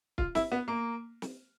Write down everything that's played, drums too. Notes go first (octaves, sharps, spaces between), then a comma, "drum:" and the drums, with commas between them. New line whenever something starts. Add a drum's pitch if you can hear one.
F4, drum: kick
E4, drum: snare
B3
A#3
drum: snare